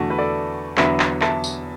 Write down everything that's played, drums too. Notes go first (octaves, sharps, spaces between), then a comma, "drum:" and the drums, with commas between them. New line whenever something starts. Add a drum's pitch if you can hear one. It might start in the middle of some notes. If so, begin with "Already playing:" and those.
Already playing: E2 D3 A3 F#4
B4
A4 D5
E2 D3 F#3 B3 B4 E5, drum: clap
drum: clap
E5 A5, drum: clap
drum: tambourine